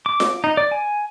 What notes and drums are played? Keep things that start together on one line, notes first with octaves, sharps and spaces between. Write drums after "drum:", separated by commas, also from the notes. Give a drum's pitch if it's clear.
D6
drum: snare F4
D#4
D5
G#5